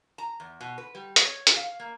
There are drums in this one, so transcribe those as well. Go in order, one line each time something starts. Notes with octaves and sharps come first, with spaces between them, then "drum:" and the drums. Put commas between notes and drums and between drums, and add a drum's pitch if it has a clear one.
A#5
E2
B2
B4
G3
C#5, drum: hi-hat
drum: hi-hat
F5
A#3